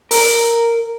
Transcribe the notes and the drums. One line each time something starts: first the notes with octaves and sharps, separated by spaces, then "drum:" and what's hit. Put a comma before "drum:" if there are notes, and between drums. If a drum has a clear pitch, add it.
A#4, drum: open hi-hat